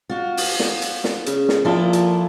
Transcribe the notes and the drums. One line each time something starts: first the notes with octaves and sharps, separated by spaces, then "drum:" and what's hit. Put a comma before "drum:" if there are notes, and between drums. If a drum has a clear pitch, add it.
F4 F#4
drum: open hi-hat
drum: snare
drum: hi-hat
drum: snare
C#3, drum: hi-hat
drum: snare
A#2 F3 E4 A4
drum: hi-hat